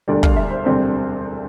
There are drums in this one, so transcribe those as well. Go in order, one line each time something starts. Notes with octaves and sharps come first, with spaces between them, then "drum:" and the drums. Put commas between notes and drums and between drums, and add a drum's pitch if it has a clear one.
E1 D2 D3 G3 D5
F5, drum: kick
E5
C5
E1 D2 C3 G3 C4 C5